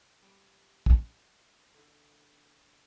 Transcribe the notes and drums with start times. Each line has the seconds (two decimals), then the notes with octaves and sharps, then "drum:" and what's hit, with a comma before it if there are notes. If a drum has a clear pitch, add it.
0.22 G3
0.86 drum: kick
1.74 D3